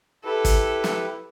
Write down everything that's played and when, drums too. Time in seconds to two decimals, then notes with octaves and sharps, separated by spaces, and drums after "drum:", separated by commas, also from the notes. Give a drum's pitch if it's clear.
0.25 E4 G4 A4 B4
0.45 drum: kick, hi-hat
0.84 drum: snare